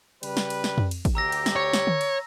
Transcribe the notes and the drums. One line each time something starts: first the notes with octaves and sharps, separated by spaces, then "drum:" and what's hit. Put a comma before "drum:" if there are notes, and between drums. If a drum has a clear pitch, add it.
C#3 G3 B4, drum: cymbal
drum: snare
drum: cymbal
drum: snare
drum: tom F2
drum: cymbal
drum: kick, cymbal
D2 G4 A#5 E6 A#6
drum: cymbal
drum: snare
C#5
drum: snare
drum: tom D3
drum: cymbal